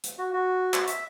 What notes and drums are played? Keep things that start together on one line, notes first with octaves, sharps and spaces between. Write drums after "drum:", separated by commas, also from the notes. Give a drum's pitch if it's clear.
drum: hi-hat
F#4
F#4
drum: clap
E5, drum: hi-hat